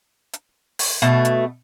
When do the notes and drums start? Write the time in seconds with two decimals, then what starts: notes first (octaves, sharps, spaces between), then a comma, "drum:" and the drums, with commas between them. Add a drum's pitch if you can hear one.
0.33 drum: hi-hat
0.79 drum: open hi-hat
1.02 B2 A3
1.25 drum: hi-hat